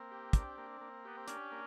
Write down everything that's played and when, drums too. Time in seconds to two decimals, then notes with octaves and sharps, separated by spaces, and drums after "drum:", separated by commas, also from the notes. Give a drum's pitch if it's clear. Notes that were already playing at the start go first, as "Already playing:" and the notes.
Already playing: A#3 C4
0.11 G4
0.33 D4, drum: kick, hi-hat
0.58 A#3
0.81 A#3
1.05 B3 G4
1.17 C4
1.28 C#4 D4, drum: hi-hat
1.52 A#3